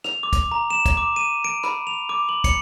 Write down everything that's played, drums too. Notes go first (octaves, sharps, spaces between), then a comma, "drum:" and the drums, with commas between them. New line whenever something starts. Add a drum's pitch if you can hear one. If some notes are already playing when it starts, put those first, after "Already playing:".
F7, drum: rim click
D6
drum: kick, hi-hat
A#5
E7
drum: kick, hi-hat
D6
D#7
D7
B5, drum: rim click
F7
D6
F#7
C#7, drum: kick, hi-hat